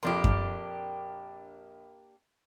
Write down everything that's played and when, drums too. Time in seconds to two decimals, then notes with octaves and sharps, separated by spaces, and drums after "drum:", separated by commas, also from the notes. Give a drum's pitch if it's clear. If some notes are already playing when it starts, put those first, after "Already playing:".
0.03 A#1 F2 A#3 D4 G4 C6
0.24 drum: kick F#2